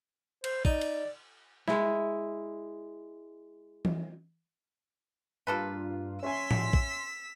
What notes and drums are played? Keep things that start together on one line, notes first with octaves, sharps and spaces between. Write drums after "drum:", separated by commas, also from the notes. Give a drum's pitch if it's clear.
C5, drum: cymbal
D#4 D5, drum: kick
drum: cymbal
G#3 E4, drum: snare
drum: tom E3
G2 A#3 F4 A4 B4
C#4 E5 G#5 C6 E6 B6
drum: tom A2
drum: kick